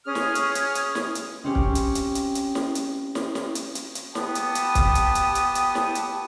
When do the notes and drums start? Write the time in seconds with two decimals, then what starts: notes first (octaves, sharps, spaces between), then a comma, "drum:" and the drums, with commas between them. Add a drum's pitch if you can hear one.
0.06 C#4 G#4 D#6 F6
0.15 drum: snare
0.35 drum: hi-hat
0.55 drum: hi-hat
0.75 drum: hi-hat
0.95 drum: snare
1.15 drum: hi-hat
1.44 C4 C#4 G4
1.55 drum: kick
1.75 drum: hi-hat
1.95 drum: hi-hat
2.15 drum: hi-hat
2.35 drum: hi-hat
2.55 drum: snare
2.75 drum: hi-hat
3.15 drum: snare
3.35 drum: snare
3.55 drum: hi-hat
3.75 drum: hi-hat
3.95 drum: hi-hat
4.15 B3 G4 A5 D#6, drum: snare
4.35 drum: hi-hat
4.55 drum: hi-hat
4.75 drum: kick, hi-hat
4.95 drum: hi-hat
5.15 drum: hi-hat
5.35 drum: hi-hat
5.55 drum: hi-hat
5.75 drum: snare
5.95 drum: hi-hat